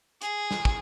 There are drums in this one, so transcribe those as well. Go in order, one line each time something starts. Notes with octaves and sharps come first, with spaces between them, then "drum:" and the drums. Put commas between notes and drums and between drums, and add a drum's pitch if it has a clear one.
G#4, drum: hi-hat
drum: snare
drum: kick